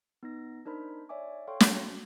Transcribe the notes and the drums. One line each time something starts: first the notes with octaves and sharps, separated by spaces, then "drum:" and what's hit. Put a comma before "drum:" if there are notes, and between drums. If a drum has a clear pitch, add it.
B3 D#4 A#6
D4 D#4 A#4 C5 B5
C#5 D5 E5 G#5 D6
A4 C#5 F5 G5 C6 C#6
C#4 F#4, drum: snare